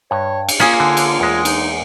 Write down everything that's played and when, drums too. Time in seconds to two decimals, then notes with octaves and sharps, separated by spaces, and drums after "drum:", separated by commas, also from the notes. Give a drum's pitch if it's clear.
0.11 G2 C#5
0.49 drum: cymbal
0.60 A#3 C#4 F4 G#4
0.80 D3
0.97 drum: cymbal
1.20 E2 G#3
1.45 D#4, drum: cymbal